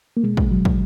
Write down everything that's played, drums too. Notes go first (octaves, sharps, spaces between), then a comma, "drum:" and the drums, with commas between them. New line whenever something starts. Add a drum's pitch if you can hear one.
A#3
B2 G#3
drum: kick
F#3
drum: kick